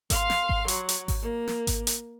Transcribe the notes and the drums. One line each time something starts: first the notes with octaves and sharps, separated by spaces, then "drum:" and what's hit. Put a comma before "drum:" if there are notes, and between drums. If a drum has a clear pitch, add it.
F5 C6, drum: kick G#1, hi-hat
drum: snare
drum: kick G#1
F#3, drum: hi-hat
drum: hi-hat
drum: kick G#1, open hi-hat
A#3
drum: snare
drum: kick G#1, hi-hat
drum: hi-hat